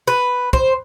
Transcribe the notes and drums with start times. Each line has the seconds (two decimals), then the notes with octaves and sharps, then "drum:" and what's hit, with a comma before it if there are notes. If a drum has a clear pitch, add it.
0.07 B4
0.53 C5, drum: kick